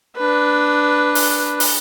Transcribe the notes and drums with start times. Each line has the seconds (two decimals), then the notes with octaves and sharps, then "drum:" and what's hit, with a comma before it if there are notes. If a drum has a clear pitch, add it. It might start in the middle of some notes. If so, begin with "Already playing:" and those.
0.17 D4 B4
1.15 drum: open hi-hat
1.60 drum: open hi-hat